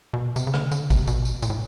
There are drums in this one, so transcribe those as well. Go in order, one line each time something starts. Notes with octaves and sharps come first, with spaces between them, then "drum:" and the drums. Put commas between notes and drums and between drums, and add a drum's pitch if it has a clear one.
B2
C3, drum: tambourine
C#3
D3, drum: rim click
D3, drum: tambourine
C3, drum: kick A1, tambourine
B2, drum: tambourine
drum: tambourine
A#2, drum: tambourine
A2